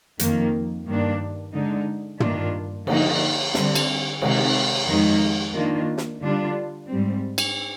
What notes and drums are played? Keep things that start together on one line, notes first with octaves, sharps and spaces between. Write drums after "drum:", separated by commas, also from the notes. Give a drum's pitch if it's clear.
F2 D#3 A#3, drum: hi-hat
G2 D#3 A#3 D4
D3 G#3 D#4
G2 D#3 A#3 D4 F4, drum: tom
D3 F3 A#3 D#4, drum: cymbal
D3 G3 C4, drum: snare
drum: cymbal
C3 D#3 G#3, drum: cymbal
F2 D#3 G#3 D#4
D#3 A#3 D4 F4
drum: snare
D3 G3 D4 F4
G#2 G3 C4
drum: cymbal